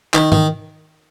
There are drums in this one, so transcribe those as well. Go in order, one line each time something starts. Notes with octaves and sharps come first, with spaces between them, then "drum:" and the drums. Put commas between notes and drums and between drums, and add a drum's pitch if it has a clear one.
D#3, drum: clap
D#3, drum: tom